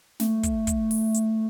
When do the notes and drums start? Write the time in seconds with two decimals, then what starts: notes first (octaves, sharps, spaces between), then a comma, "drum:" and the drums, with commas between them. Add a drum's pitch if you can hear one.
0.20 A3, drum: snare
0.43 drum: kick, hi-hat
0.67 drum: kick, hi-hat
0.91 drum: open hi-hat
1.14 drum: hi-hat